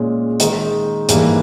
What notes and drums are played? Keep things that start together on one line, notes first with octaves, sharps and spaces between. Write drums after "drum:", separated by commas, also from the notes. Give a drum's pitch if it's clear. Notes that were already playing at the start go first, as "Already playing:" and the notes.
Already playing: A#2 G#3 C#4
D#3 G#3 D#4, drum: hi-hat
G#2 E3 G3 A#3, drum: hi-hat